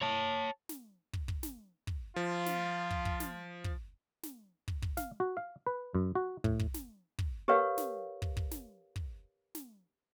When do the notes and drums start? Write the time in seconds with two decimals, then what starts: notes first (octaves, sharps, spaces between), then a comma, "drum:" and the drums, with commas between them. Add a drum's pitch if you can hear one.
0.01 C#5 A5
0.69 drum: snare
1.13 drum: kick
1.28 drum: kick
1.43 drum: snare
1.87 drum: kick
2.16 F3 F4
2.46 drum: snare
2.91 drum: kick
3.05 drum: kick
3.20 drum: snare
3.64 drum: kick
4.23 drum: snare
4.68 drum: kick
4.82 drum: kick
4.97 F5, drum: snare
5.20 F#4
5.37 F5
5.67 B4
5.95 F#2
6.15 F#4
6.44 A2, drum: kick
6.59 drum: kick
6.74 drum: snare
7.19 drum: kick
7.48 G4 A#4 B4 C#5 F5
7.78 drum: snare
8.22 drum: kick
8.37 drum: kick
8.51 drum: snare
8.96 drum: kick
9.55 drum: snare